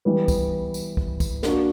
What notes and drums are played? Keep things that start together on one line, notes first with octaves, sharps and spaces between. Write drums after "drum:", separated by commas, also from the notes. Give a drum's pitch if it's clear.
E3 G3 B3
drum: kick, tambourine
drum: tambourine
drum: kick
drum: kick, tambourine
A#3 D4 F#4, drum: snare